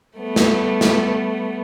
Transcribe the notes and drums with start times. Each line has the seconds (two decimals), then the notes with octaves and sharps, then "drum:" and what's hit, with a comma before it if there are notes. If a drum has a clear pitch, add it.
0.18 G3 A3 B3
0.36 drum: snare
0.81 drum: snare